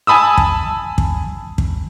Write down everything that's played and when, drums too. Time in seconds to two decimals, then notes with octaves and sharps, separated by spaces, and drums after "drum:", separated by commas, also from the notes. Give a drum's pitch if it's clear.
0.07 G#5 A5 B5 D#6 E6
0.37 drum: kick
0.98 drum: kick
1.58 drum: kick